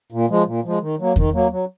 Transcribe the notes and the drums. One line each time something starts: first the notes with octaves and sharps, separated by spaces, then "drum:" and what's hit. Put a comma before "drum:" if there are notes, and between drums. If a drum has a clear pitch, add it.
A#2
F3 G#3
A#2
F3 G#3
D#3
F#3 A#3
D#3, drum: kick E2
F#3 A#3
F#3